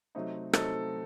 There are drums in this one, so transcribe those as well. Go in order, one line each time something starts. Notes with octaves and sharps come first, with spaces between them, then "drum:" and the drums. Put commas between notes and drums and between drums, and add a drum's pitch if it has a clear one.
C3 F#3 A3 C4 D#4
C3 F#3 A3 C4 D#4 A4, drum: rim click